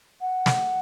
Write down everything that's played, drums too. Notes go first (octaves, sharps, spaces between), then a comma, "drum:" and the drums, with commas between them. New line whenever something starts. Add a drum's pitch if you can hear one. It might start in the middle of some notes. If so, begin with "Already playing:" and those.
F#5
drum: snare